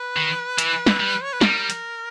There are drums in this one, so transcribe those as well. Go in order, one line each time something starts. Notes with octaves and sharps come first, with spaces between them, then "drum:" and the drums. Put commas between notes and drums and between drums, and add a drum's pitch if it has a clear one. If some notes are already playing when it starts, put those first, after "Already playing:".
Already playing: B4
D#3
E3, drum: hi-hat
drum: snare
G3
C#5
B4
G3 A#4, drum: snare
drum: hi-hat